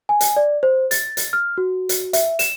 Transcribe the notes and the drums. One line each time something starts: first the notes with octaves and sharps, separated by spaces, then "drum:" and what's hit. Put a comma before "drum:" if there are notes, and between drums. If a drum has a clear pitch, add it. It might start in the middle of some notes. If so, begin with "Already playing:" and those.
G#5
drum: hi-hat
D5
C5
A6, drum: hi-hat
drum: hi-hat
F6
F#4
drum: hi-hat
E5, drum: hi-hat
E7, drum: hi-hat